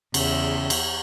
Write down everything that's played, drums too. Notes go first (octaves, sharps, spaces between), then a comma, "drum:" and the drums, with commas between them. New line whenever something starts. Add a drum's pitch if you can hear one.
E2 C#3 E5, drum: cymbal
drum: cymbal